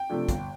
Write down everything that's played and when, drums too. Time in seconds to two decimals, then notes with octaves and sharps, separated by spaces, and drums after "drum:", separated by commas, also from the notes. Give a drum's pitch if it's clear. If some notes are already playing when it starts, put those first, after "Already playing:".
Already playing: G5
0.09 C3 F3 A3 D4
0.29 G1, drum: kick, hi-hat